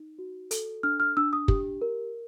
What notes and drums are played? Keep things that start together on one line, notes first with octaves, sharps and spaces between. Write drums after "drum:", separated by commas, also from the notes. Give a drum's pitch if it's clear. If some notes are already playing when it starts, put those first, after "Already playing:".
Already playing: D#4
F#4
A4, drum: hi-hat
D4 F6
F6
D4 E6
D#6
G4, drum: kick
A#4